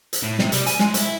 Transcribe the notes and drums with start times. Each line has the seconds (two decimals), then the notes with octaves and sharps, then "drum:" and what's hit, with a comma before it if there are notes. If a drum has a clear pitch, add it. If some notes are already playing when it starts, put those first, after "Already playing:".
0.13 drum: hi-hat
0.23 A2
0.39 C3, drum: snare
0.52 G3, drum: hi-hat
0.66 G#5, drum: hi-hat
0.79 G#3, drum: snare
0.94 E4, drum: hi-hat